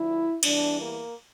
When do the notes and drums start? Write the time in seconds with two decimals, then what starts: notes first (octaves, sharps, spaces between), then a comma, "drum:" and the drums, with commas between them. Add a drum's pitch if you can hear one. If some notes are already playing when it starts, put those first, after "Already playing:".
Already playing: D2 D3 F3 E4
0.43 E2 E3 G3 D4, drum: cymbal
0.80 A#3